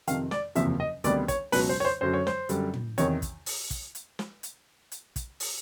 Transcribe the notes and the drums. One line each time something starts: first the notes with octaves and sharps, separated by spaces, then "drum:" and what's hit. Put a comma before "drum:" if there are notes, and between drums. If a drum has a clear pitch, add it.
F2 C3 D#3 F5, drum: hi-hat
D5, drum: snare
F#1 E2 C3 F3 A#3 E5, drum: hi-hat
D#5
D2 C3 D#3 G3 B3 D5, drum: hi-hat
C#5, drum: kick, hi-hat
C#2 B2 F#3 B4, drum: open hi-hat
C5
C#5
C5
F#2 D3 F#3 C5
C#5
C5, drum: snare
F#2 D3 G3, drum: hi-hat
drum: tom
E2 C3 D#3 C#5, drum: hi-hat
drum: kick, hi-hat
drum: open hi-hat
drum: kick, hi-hat
drum: hi-hat
drum: snare
drum: hi-hat
drum: hi-hat
drum: kick, hi-hat
drum: open hi-hat